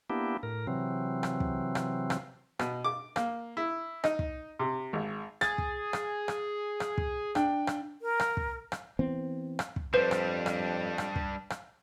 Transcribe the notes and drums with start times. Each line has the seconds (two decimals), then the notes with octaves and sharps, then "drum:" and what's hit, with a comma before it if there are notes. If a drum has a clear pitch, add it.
0.10 A#3 B3 D4 E4 G4
0.43 A2 A#4
0.67 C3 E3 F#3 C4
1.23 drum: rim click
1.40 drum: kick
1.75 drum: rim click
2.10 drum: rim click
2.59 B2, drum: rim click
2.84 D6
3.16 A#3, drum: rim click
3.57 E4
4.04 D#4, drum: rim click
4.19 drum: kick
4.59 C3
4.93 G#1
5.41 G#4 A6, drum: rim click
5.58 drum: kick
5.93 drum: rim click
6.28 drum: rim click
6.80 drum: rim click
6.98 drum: kick
7.35 D4 G5, drum: rim click
7.67 drum: rim click
8.02 A#4
8.19 drum: rim click
8.37 drum: kick
8.72 drum: rim click
8.99 E3 B3 C4
9.59 drum: rim click
9.76 drum: kick
9.94 F2 G3 D4 B4 C5
10.11 drum: rim click
10.46 drum: rim click
10.98 drum: rim click
11.16 drum: kick
11.50 drum: rim click